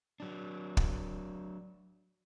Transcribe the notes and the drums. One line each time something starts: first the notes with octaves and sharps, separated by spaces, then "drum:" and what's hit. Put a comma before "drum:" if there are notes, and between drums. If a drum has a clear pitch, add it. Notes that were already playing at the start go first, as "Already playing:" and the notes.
F#3 D4
drum: kick